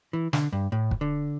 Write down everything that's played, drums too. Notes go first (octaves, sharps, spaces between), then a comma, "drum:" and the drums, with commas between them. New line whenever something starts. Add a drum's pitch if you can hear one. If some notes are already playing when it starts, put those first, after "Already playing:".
E3
D3, drum: snare
G2
A2
drum: kick
D3